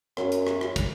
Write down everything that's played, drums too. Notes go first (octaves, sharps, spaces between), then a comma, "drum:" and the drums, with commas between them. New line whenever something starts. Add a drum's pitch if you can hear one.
F#2, drum: rim click
drum: hi-hat
drum: rim click
drum: rim click
drum: kick, hi-hat